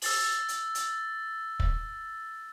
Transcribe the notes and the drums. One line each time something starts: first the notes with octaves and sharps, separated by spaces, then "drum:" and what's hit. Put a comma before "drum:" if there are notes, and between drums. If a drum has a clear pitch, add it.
E6 A6 F#7, drum: open hi-hat
drum: hi-hat
drum: hi-hat
drum: kick